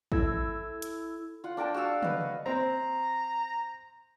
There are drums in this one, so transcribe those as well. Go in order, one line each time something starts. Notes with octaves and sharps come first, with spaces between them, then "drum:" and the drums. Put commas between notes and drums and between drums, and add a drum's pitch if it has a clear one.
E4 A4 E6 G#6, drum: kick
drum: hi-hat
F4 F#5
D4 A#4 G5 A5
F#4 G#4 F5 E6
B4 D#5, drum: tom
D#5
C4 A#5